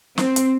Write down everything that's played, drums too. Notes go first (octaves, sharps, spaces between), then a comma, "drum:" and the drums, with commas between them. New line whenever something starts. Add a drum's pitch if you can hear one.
C4, drum: snare
drum: hi-hat